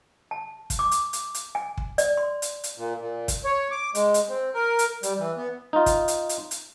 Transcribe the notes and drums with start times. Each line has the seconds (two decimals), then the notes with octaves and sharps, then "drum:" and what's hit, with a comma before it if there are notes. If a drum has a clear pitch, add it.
0.31 A5
0.70 drum: kick, hi-hat
0.79 D6
0.91 drum: hi-hat
1.13 drum: hi-hat
1.34 drum: hi-hat
1.55 G#5
1.78 drum: kick
1.98 D5, drum: hi-hat
2.17 C6
2.42 drum: hi-hat
2.64 drum: hi-hat
2.78 A#2
3.00 A#2
3.28 drum: kick, hi-hat
3.44 C#5
3.71 D6
3.95 G#3, drum: hi-hat
4.14 drum: hi-hat
4.29 C4
4.54 A#4
4.79 drum: hi-hat
5.03 G3, drum: hi-hat
5.19 E3
5.37 B3
5.73 D#4 F4
5.86 drum: kick, hi-hat
6.08 drum: hi-hat
6.29 drum: hi-hat
6.51 drum: hi-hat